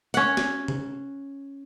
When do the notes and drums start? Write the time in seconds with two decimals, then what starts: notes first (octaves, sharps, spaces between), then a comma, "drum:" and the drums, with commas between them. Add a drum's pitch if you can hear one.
0.14 C#4 F#5, drum: hi-hat
0.37 drum: snare
0.68 drum: tom C3